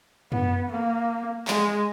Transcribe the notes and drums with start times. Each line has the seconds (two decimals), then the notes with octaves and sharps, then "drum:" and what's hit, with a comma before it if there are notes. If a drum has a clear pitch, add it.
0.32 B3, drum: tom F#2
0.71 A#3
1.48 G#3, drum: clap